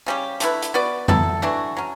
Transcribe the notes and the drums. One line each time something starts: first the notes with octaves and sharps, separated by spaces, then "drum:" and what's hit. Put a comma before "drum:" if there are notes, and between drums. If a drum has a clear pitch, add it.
C#3 G3 C#4 G4
D3 A3 E4 B4, drum: hi-hat
drum: hi-hat
B3 F#4 B4 D5
F#3 B3 E4 A4, drum: tom F2
E3 A3 D4 F#4
F#3 C#4